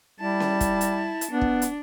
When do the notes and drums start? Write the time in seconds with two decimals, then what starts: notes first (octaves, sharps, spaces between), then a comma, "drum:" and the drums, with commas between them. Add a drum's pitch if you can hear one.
0.20 G3 E4 A5
0.40 drum: snare C#4
0.61 drum: kick, hi-hat
0.81 drum: hi-hat
1.21 drum: hi-hat
1.31 B3 D4
1.41 drum: kick
1.62 drum: hi-hat